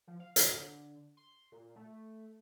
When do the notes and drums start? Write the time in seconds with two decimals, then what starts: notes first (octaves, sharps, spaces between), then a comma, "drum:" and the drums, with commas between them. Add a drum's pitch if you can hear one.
0.07 F3
0.20 F5
0.36 D3, drum: hi-hat
1.17 C6
1.52 A#2
1.76 A3